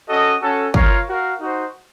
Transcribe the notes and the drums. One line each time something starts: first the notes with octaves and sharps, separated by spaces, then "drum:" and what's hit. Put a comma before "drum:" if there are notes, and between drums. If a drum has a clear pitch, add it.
C#4 F#4 A4 D#5
C#4 F#4 A4
F4 A#4 C#5 F5, drum: kick
F#4 A#4 F5
D#4 F#4 C5